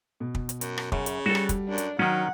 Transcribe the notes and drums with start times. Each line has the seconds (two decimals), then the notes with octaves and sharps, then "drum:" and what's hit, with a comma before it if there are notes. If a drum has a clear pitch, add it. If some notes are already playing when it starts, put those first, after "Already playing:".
0.20 B2
0.35 drum: kick
0.49 drum: hi-hat
0.61 F#2, drum: hi-hat
0.78 drum: rim click
0.92 F#2 C#3, drum: kick
1.06 drum: hi-hat
1.26 G3 F#4 G4 A4
1.35 drum: rim click
1.49 drum: kick, hi-hat
1.68 F#2 D4
1.78 drum: hi-hat
1.99 D#3 F#3 C#4 D#4 F#5